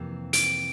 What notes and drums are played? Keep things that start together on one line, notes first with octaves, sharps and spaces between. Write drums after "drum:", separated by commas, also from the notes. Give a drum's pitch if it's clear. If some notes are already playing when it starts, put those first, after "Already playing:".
Already playing: F2 C3 E3 A#3
D7, drum: hi-hat